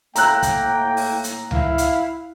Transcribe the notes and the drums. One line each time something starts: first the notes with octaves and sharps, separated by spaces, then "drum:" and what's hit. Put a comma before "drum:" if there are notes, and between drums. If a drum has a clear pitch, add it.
A2 A#3 G5 A#5 E6 F#6, drum: hi-hat
drum: kick, hi-hat
drum: open hi-hat
drum: hi-hat
E4 F5, drum: tom C#2
drum: hi-hat